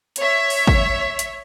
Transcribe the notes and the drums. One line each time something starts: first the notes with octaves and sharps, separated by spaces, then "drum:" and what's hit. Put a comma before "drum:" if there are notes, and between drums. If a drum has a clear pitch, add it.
C#5 E5, drum: hi-hat
drum: open hi-hat
drum: kick
drum: hi-hat